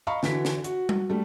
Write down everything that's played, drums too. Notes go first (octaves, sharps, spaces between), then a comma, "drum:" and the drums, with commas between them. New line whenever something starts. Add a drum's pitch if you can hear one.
D#5 F5 A#5 B5 C#6
D3 E3 F#4 B6, drum: snare
drum: snare
F#4, drum: hi-hat
drum: tom G3
G3 A3